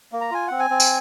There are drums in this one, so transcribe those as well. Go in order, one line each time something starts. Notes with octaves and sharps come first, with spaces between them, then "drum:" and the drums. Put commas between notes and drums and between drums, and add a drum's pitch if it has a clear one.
A#3
A#5
F4 G#5
C4 F#5
G#5
C4
drum: tambourine